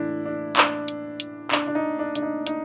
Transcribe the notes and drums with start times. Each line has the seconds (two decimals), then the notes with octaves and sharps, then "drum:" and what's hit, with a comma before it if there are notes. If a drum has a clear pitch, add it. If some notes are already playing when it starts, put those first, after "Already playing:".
Already playing: A2 E3 A3 D4 E4
0.25 D4
0.57 D4, drum: clap
0.88 drum: hi-hat
1.20 drum: hi-hat
1.51 D4, drum: clap
1.67 D4
1.75 D#4
1.99 D4
2.15 D4, drum: hi-hat
2.23 D#4
2.47 D#4, drum: hi-hat